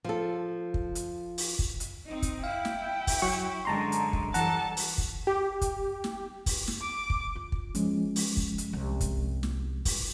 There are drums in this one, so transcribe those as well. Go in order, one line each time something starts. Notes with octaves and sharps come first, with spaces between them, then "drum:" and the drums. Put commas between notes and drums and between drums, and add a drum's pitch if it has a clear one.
F3 A4
drum: kick
drum: hi-hat
drum: open hi-hat
drum: kick
drum: hi-hat
C4 D#4
drum: kick, hi-hat
E4 F5 G5
drum: snare
drum: kick, open hi-hat
F#3 C#6
F#2 D3 G#3 A5 A#5 C6
drum: hi-hat
drum: kick
E3 F#3 G3 A4 F#5 A5 A#5, drum: hi-hat
drum: open hi-hat
drum: kick
G4
drum: kick, hi-hat
drum: snare
drum: kick, open hi-hat
drum: snare
D6
drum: kick
F4
drum: kick
F3 G#3 C#4, drum: hi-hat
drum: open hi-hat
drum: kick
drum: hi-hat
C2
drum: kick, hi-hat
drum: snare
drum: kick, open hi-hat